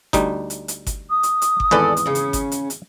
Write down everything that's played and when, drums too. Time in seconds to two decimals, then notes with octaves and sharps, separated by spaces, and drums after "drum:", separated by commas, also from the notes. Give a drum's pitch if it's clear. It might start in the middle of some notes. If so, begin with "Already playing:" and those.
0.13 D2 G3 D#4, drum: kick G1, hi-hat
0.50 drum: hi-hat
0.68 drum: hi-hat
0.87 drum: kick G1, hi-hat
1.10 D#6
1.23 drum: hi-hat
1.42 drum: hi-hat
1.60 drum: kick G1
1.71 G#1 E2 A4 B4 D5 G#5
1.97 drum: hi-hat
2.06 C#3 C#4
2.15 drum: hi-hat
2.33 drum: kick G1, hi-hat
2.52 drum: hi-hat
2.70 drum: hi-hat